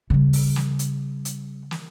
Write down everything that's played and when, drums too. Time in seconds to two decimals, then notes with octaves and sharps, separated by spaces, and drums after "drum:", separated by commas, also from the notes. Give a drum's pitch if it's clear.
0.10 C#3 G3
0.33 drum: open hi-hat
0.56 drum: snare
0.79 drum: hi-hat
1.25 drum: hi-hat
1.71 drum: snare